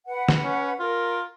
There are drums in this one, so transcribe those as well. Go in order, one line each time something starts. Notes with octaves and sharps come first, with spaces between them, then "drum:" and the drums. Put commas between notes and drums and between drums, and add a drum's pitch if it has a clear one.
B4 F#5
drum: snare
C#4
F4 A#4